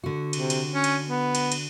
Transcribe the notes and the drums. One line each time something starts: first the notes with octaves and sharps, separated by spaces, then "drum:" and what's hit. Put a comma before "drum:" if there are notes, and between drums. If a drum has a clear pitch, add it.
D3 F#4
C3, drum: cymbal
drum: cymbal
C#4
drum: cymbal
B3
drum: cymbal
drum: cymbal